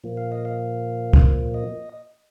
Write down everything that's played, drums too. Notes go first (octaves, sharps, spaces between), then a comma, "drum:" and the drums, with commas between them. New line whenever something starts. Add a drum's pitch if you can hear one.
A#2 F3 A#3
F5
D#5
F5
drum: kick
D#5